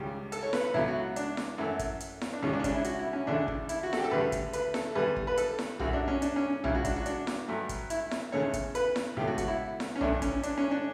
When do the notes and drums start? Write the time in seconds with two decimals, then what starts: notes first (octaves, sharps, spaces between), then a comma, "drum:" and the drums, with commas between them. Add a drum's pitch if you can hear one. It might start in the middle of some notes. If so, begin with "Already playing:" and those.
Already playing: C#2 C#3 G3 G4
0.32 A4, drum: hi-hat
0.43 C#5
0.53 B4, drum: snare E4
0.64 B4
0.74 C#2 B2 F#3 E4
0.88 F#4
1.16 D4, drum: hi-hat
1.37 drum: snare E4
1.58 F#2 E3 A3
1.79 drum: kick, hi-hat
2.00 drum: hi-hat
2.21 drum: snare E4
2.33 D4
2.42 C#2 C#3 G3 C#4
2.53 D4
2.60 C#4
2.64 D4, drum: kick, hi-hat
2.74 E4
2.84 F#4, drum: hi-hat
2.99 E4
3.13 C#4
3.27 D2 C#3 E3 A3 D4
3.48 drum: kick
3.69 E4, drum: hi-hat
3.83 F#4
3.93 A4, drum: snare E4
3.97 G4
4.04 A4
4.11 D2 C#3 G3 B4
4.32 drum: kick, hi-hat
4.53 B4, drum: hi-hat
4.74 A4, drum: snare E4
4.95 E2 D3 G3 B4
5.16 drum: kick
5.27 B4
5.37 A4, drum: hi-hat
5.59 drum: snare E4
5.79 F#2 E3 G3 F#4, drum: tom B1
5.93 D4
6.08 C#4
6.22 D4, drum: hi-hat
6.36 C#4
6.64 C#2 C#3 F#3 E4, drum: tom B1
6.75 F#4
6.85 D4, drum: kick, hi-hat
6.96 F#4
7.06 D4, drum: hi-hat
7.27 drum: snare E4
7.48 G2 F#3 A3
7.69 drum: kick, hi-hat
7.90 E4, drum: hi-hat
8.11 drum: snare E4
8.32 E2 C#3 E3 A3 C#5
8.54 drum: kick, hi-hat
8.75 B4, drum: hi-hat
8.96 drum: snare E4
9.17 C#2 B2 A3 G4
9.27 F#4
9.38 F#4, drum: kick, hi-hat
9.48 E4
9.80 drum: snare E4
9.96 C#4
10.01 G2 E3 A3 D4, drum: tom B1
10.22 C#4, drum: kick, hi-hat
10.43 D4, drum: hi-hat
10.57 C#4
10.71 D4